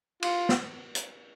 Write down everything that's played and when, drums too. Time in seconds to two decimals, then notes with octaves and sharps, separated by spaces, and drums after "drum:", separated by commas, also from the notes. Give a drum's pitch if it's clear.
0.22 F4, drum: cymbal
0.49 drum: snare
0.95 drum: hi-hat